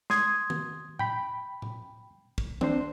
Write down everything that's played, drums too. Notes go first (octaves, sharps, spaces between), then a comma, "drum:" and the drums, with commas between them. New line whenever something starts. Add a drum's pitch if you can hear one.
C6 D#6 G#6, drum: snare
drum: tom D#3
G5 B5, drum: tom A2
drum: tom A2
drum: kick
C4 D4 C5, drum: tom D#3